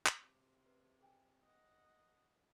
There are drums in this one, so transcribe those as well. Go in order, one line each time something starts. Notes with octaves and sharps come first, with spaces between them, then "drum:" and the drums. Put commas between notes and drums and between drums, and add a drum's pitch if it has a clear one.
drum: clap
C3 D6
B4
G#4 G5 G#5
D#5 F#5